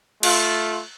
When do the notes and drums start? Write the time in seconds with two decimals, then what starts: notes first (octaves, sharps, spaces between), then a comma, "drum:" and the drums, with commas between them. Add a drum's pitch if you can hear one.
0.23 A3 F4, drum: cymbal